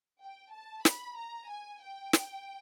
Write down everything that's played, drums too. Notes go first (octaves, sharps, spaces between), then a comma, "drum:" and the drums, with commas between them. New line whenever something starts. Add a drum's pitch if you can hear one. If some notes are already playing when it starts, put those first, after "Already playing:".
G5
A5
B5, drum: snare
A#5
G#5
G5
drum: snare